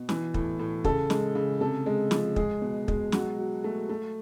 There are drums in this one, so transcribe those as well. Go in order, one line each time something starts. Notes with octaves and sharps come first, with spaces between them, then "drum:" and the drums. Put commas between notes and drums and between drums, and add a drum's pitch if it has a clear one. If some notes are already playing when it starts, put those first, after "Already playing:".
Already playing: B2
E3, drum: snare
A2, drum: kick
A2
C#3 A4, drum: kick
G#3, drum: snare
C#3
C3 A4
G#3
F3, drum: snare
G#3 G#4, drum: kick
B2
G#3, drum: kick
F#3 F#4, drum: snare
F#3
A3
A3